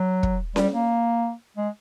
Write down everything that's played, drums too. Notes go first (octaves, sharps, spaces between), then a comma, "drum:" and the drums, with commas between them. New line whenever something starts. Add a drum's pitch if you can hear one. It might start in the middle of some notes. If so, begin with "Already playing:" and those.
Already playing: F#3
drum: kick
G3, drum: snare C#4
A#3
G#3